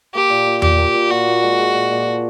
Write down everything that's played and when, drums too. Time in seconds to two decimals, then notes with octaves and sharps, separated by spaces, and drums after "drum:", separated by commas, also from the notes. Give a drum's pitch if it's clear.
0.15 A#3 G4
0.30 A#2
0.46 A#2
0.62 A#2 G4, drum: tom E2
0.78 A#3
0.94 A#2
1.10 A#2 F#4
1.27 A#2
1.43 G#3
1.59 G#3
1.74 A#2
1.91 A#2
2.06 F3